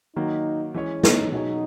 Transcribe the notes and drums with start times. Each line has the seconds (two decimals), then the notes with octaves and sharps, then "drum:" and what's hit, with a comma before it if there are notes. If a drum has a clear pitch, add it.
0.16 D#3 F#3 A#3 D#4
0.74 E3 G#3 C#4 G#4 C#5
1.04 D#4, drum: snare
1.32 B2 F#3 C#4 D#4 G#4 C#5